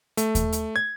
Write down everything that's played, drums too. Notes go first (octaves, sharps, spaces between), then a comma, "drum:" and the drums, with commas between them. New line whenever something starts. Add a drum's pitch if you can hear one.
A3, drum: hi-hat
drum: kick D#2, hi-hat
drum: hi-hat
G#6